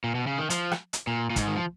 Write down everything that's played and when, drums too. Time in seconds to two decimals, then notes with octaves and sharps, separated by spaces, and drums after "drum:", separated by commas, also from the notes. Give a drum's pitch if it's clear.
0.04 A#2
0.15 B2
0.27 C#3
0.38 D#3
0.50 F3, drum: hi-hat
0.72 drum: rim click
0.93 drum: hi-hat
1.07 A#2
1.30 A#2
1.36 G#2, drum: kick, hi-hat
1.48 D#3
1.56 F3